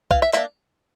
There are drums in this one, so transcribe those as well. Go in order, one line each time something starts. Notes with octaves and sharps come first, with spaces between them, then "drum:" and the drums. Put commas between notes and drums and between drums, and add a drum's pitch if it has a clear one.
E3 F5, drum: kick
E5
A#3 D4 E5, drum: clap